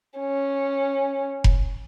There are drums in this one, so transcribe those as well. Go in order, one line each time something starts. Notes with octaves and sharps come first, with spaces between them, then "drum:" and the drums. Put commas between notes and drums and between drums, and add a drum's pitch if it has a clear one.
C#4
drum: kick F1